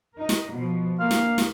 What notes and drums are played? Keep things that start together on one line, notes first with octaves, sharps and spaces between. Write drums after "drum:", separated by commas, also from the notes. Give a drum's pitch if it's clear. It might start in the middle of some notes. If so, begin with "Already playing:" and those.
D#4 A#4
drum: snare
B2 F3
D2 A3 A#3 F5
drum: snare
drum: snare